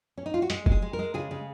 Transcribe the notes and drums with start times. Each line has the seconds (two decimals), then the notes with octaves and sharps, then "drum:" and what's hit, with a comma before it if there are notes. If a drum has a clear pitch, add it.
0.18 C#4
0.26 D#4
0.34 F4
0.42 F#4
0.50 G#3 G#4, drum: hi-hat
0.66 G#3, drum: kick
0.72 G#4
0.82 G#3
0.93 A#4
0.99 G#3
1.14 C#3 G#4
1.31 C#3